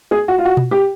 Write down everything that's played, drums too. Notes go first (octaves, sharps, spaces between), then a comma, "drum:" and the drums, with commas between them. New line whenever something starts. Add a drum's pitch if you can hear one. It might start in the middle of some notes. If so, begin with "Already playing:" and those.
G#4
F#4
F4
F#4
drum: tom B2
G4